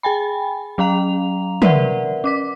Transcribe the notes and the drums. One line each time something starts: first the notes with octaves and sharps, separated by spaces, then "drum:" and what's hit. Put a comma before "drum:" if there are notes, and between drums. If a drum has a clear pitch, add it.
G#4 G5 G#5 B5
F#3 C#4 F5 A#5 F7
A#4 B4 D5 E5 F#5, drum: tom
C#4 D6 B6